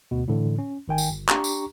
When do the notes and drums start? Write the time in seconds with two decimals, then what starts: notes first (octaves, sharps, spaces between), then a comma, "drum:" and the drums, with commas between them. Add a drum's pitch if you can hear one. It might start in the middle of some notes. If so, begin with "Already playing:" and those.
0.11 D2 B2
0.28 A2 D3 E3
0.58 C#4
0.88 G#1 D#3 G5 G#5
0.98 drum: tambourine
1.10 G1
1.29 D4 G4 A#5 C#6, drum: clap
1.44 drum: tambourine